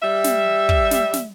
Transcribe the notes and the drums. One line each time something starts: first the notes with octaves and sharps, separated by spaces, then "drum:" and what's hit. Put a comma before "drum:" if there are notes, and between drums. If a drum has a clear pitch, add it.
G3 E5
drum: snare
drum: kick
drum: snare
drum: snare